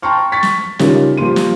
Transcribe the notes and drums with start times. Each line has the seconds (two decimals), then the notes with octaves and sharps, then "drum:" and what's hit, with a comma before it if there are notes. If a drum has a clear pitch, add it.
0.02 G5 A5 A#5 C6 C#6 F6
0.32 C#6 A6 B6
0.43 drum: snare
0.79 C#3 G3 D#4 F4 A#4, drum: snare
1.17 F3 G3 A#3 C6 D#7
1.36 drum: snare